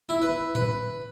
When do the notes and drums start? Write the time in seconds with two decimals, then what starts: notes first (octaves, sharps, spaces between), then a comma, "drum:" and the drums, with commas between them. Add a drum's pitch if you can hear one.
0.09 E4
0.22 B4
0.55 B4, drum: tom A2